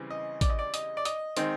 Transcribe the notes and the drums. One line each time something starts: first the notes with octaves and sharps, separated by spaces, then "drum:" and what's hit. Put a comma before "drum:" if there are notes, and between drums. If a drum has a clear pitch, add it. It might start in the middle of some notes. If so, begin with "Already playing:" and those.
Already playing: C#3 E3 G3 C4
D#5
D5, drum: kick, hi-hat
D#5
D5
D#5, drum: hi-hat
D5
D#5, drum: hi-hat
D#3 G#3 C4, drum: hi-hat